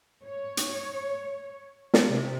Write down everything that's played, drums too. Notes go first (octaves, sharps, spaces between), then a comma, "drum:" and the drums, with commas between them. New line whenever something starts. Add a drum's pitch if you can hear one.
C#5
drum: hi-hat
drum: snare
C3